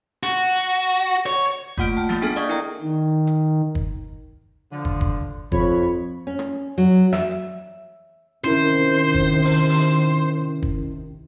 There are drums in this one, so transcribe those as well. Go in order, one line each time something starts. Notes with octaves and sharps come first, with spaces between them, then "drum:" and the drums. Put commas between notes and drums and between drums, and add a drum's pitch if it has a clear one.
F#4
C#5
A3 A#3 F4 F#5 F6 D7, drum: kick
G5 A5 F6
A#3 F#5 A6, drum: snare
B3 D4 G#4 A4 G#5 F6
D5 D#5 F5 C#6 D#6 G#6
E4 A#4 G5 A#5, drum: hi-hat
D#3
drum: hi-hat
drum: kick
D3 F3
drum: kick
drum: kick
F2 C#5 B5, drum: kick
C#4
drum: rim click
F#3
E5, drum: snare
drum: hi-hat
C3 D#3 C#4 E4 A#4 C5
drum: kick
drum: open hi-hat
drum: open hi-hat
drum: kick